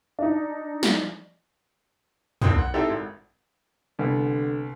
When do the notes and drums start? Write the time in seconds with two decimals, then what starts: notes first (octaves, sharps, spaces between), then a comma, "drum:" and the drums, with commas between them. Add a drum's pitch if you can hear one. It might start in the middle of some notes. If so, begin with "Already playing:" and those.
0.19 D4 D#4
0.83 drum: snare
2.42 G#1 F2 C4 D#6, drum: tom
2.58 F#5
2.74 C4 D#4 E4 G4 A4
2.89 G#1
3.99 C2 D3 B3